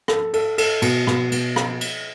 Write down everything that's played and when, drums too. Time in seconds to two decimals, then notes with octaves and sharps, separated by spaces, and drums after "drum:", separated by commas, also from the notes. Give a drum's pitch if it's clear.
0.08 A4, drum: rim click
0.33 A4, drum: cymbal
0.58 A4, drum: cymbal
0.82 B2, drum: cymbal
1.07 B2, drum: rim click
1.32 B2, drum: cymbal
1.56 drum: rim click
1.81 drum: cymbal